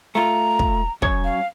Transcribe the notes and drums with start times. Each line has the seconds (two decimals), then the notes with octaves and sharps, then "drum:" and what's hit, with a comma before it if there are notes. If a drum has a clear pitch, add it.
0.15 A3 F4 A#5
0.59 drum: kick
1.02 F#2 F#3 C#5, drum: kick
1.24 F5